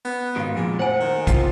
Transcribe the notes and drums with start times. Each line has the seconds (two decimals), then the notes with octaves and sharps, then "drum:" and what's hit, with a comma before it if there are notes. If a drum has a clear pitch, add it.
0.05 B3
0.36 G#2 D#3 F#4 F5
0.56 F2 A#2 G#3
0.79 A2 C5 F#5 G#5
1.00 D#3
1.27 C3 F4, drum: kick A#1, hi-hat